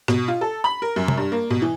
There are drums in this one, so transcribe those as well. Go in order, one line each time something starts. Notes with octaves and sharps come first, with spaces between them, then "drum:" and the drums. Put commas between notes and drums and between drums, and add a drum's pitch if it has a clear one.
B2, drum: rim click
F4
A4
B5
A#4
F#2
drum: tom C3
G2
A#3
B2
E3